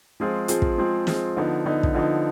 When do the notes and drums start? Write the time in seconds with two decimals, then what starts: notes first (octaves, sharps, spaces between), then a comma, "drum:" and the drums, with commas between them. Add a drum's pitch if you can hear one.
0.20 F3 G#3 C4 F4 G#4
0.48 F3 G#3 C4 F4 G#4, drum: hi-hat
0.62 drum: kick
0.78 F3 G#3 C4 F4 G#4
1.07 F3 G#3 C4 F4 G#4, drum: snare
1.37 D3 F3 B3 D#4
1.65 D3 F3 B3 D#4
1.83 drum: kick
1.94 D3 F3 B3 D#4